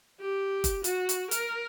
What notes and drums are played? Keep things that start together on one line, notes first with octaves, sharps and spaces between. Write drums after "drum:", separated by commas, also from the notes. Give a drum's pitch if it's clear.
G4
drum: kick, hi-hat
F#4, drum: hi-hat
drum: hi-hat
A#4, drum: hi-hat